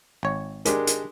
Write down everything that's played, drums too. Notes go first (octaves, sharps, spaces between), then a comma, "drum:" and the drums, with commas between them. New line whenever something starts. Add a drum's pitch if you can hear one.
G#1 C#5
G#3 D4 G4 A#4, drum: hi-hat
drum: hi-hat